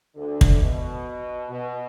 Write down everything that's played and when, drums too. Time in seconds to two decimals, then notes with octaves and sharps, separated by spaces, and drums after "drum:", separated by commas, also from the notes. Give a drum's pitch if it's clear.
0.16 D2 D3
0.41 drum: kick
0.61 B2
1.50 B2